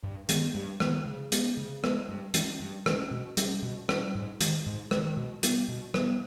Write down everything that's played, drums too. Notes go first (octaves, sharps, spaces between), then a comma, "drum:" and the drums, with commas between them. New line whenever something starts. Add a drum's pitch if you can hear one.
G2
D#3 G#3 B3, drum: hi-hat
G2
D#3 G#3 B3, drum: rim click
C#3
G#3 B3, drum: hi-hat
C#3
G#3 B3, drum: rim click
G2
E3 G#3 C#4, drum: hi-hat
G2
E3 G#3 C#4, drum: rim click
B2
G3 C#4, drum: hi-hat
B2
G3 C#4, drum: rim click
G#2
D#3 G#3, drum: hi-hat
G#2
D#3 G#3, drum: rim click
B2
G3 B3, drum: hi-hat
B2
G3 B3, drum: rim click